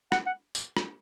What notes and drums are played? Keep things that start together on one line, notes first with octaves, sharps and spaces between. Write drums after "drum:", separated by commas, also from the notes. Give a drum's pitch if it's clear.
F#5, drum: rim click
F#5
drum: tambourine
drum: rim click